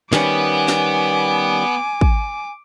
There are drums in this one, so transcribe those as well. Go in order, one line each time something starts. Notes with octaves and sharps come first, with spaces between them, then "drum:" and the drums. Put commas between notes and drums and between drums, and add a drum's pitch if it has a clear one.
D#3 G3 B3 C#4 B4 G#5 D6, drum: snare
drum: snare
drum: kick